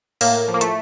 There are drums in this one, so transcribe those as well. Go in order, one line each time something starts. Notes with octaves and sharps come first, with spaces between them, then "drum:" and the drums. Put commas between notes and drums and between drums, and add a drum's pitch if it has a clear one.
A2 A#3, drum: open hi-hat
F3
A#3
A3, drum: hi-hat